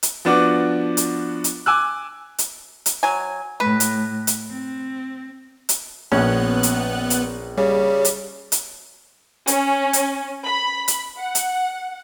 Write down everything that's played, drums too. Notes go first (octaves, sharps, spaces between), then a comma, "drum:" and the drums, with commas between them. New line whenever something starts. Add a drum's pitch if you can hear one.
drum: hi-hat
F3 B3 D4 F#4 D6
drum: hi-hat
drum: hi-hat
G#5 D6 E6 F#6
drum: hi-hat
drum: hi-hat
F#3 G#5
A2 B4
drum: hi-hat
drum: hi-hat
C4
drum: hi-hat
A#1 B3 C#4 F#6
drum: hi-hat
drum: hi-hat
C#3 G3
drum: hi-hat
drum: hi-hat
C#4, drum: hi-hat
drum: hi-hat
B5
drum: hi-hat
F#5
drum: hi-hat